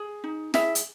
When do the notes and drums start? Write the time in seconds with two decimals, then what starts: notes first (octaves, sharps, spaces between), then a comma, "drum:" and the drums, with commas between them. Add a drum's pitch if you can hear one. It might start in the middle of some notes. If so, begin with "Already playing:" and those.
Already playing: G#4
0.24 D#4
0.54 E4 G#4 E5, drum: snare
0.75 drum: hi-hat